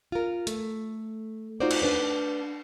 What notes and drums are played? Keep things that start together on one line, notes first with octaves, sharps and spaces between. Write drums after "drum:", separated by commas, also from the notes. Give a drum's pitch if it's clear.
F4 A#4
A3, drum: hi-hat
D#4 F4 F#4 C5 D5
drum: cymbal
D4 B4 D5